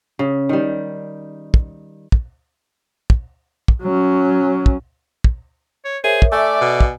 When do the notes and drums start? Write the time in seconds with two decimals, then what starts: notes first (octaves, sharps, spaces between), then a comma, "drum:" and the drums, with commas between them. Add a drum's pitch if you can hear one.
0.19 C#3
0.49 D#3 G3
1.54 drum: kick
2.12 drum: kick
3.10 drum: kick
3.68 drum: kick
3.82 F#3 C#4
4.66 drum: kick
5.24 drum: kick
5.85 C#5
6.04 G#4 A#4 C5 C#5 E5
6.22 drum: kick
6.32 A3 A4 D5 E5 G#5 D6
6.61 B2
6.80 drum: kick